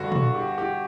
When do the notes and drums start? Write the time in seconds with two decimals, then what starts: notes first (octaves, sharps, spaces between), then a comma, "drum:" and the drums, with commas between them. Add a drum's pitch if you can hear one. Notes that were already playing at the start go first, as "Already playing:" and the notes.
Already playing: G2 D3 F#4
0.12 G2, drum: tom A#2
0.35 G4
0.58 G4